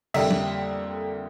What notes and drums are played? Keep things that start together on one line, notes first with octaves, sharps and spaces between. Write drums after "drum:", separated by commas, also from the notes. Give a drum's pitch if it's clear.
F2 D3 G3 A#3 E5, drum: cymbal
drum: tom